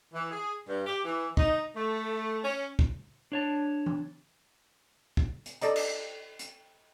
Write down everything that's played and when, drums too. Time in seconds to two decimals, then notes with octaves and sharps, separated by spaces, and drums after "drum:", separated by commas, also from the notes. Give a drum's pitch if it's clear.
0.13 E3
0.31 G#4
0.68 G2
0.87 G4
1.04 E3
1.37 D#4, drum: kick
1.75 A3
2.44 C#4
2.79 drum: kick
3.32 D4 C#5 A5
3.86 drum: tom E3
5.17 drum: kick
5.46 drum: hi-hat
5.61 A4 D5 D#5 A#5, drum: hi-hat
5.76 drum: cymbal
6.39 drum: hi-hat